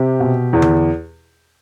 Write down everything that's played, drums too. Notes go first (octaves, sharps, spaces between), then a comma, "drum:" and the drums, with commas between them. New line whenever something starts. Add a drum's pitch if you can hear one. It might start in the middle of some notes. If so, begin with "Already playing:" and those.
Already playing: C3 G4
B2
E2
drum: tom D3